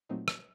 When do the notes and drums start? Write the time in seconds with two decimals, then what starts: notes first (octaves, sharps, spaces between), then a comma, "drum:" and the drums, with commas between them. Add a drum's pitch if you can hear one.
0.09 A#2 F#3 A3 C4 D#4
0.28 drum: rim click